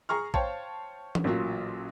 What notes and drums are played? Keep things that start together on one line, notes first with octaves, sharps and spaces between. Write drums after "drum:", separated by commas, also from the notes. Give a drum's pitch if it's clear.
G#4 A#5 C#6 F6
C5 C#5 F5 G5 A5, drum: kick A1
drum: tom E3
A1 A#2 F#3 F4